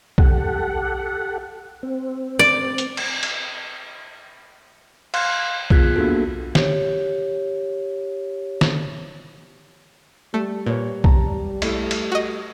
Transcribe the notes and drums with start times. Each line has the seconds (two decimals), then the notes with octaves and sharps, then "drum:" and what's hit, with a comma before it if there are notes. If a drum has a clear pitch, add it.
0.18 G4 A4 F#5, drum: kick B1
1.83 C4
2.39 D5
2.78 drum: hi-hat
2.97 drum: cymbal
3.23 drum: cymbal
5.14 F5 C6 F6 F#6, drum: cymbal
5.70 B3 F4 G#4 F#6 G#6 B6, drum: kick B1
5.96 A#3 B3 D4 F#4 A4
6.55 G4 C#5, drum: snare
8.61 drum: snare
10.34 G3 A3
10.66 A#2 B4 C#5
11.04 A5 A#5, drum: kick B1
11.62 A3 E4, drum: cymbal
11.91 drum: cymbal
12.12 F#4 D#5